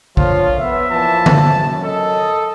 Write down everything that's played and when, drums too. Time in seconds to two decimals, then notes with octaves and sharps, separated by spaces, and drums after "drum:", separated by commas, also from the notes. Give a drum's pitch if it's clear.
0.17 D3 F3 F4 A#4 C#5, drum: kick
0.60 B3 E5
0.91 A#2 E3 F3 A5
1.26 drum: tom D3
1.41 F#2
1.83 A4 D#5